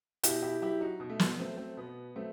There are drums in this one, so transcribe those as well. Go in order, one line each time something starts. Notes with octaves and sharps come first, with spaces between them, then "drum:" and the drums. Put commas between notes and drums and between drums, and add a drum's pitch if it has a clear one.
B2 E4 G4, drum: hi-hat
E4 G4
F#3 E4 G4
D#4 F#4
B2
A3
B3, drum: snare
F#3 A3 C4
A3 C4
B2 B3
F#3 A3 C4